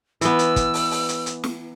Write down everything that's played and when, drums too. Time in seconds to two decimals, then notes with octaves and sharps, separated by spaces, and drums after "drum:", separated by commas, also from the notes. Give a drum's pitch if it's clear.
0.21 E3 B3 E6, drum: hi-hat
0.39 drum: hi-hat
0.56 drum: kick, hi-hat
0.74 drum: open hi-hat
0.91 drum: open hi-hat
1.09 drum: hi-hat
1.26 drum: hi-hat
1.44 drum: snare